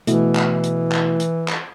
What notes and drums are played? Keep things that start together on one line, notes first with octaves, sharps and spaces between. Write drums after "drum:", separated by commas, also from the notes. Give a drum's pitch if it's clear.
B2 E3 A3 E4, drum: hi-hat
drum: clap
drum: hi-hat
drum: clap
drum: hi-hat
drum: clap